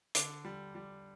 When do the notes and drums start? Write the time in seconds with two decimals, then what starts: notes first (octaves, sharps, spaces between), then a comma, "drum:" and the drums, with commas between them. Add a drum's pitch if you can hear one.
0.15 D3 D6, drum: hi-hat
0.45 G3
0.75 G3